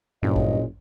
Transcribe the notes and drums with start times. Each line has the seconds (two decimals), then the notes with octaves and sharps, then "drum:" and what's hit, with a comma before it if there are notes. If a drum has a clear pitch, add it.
0.23 F#1 G2 A#2 C#3 C#5 D#5
0.36 drum: kick G#1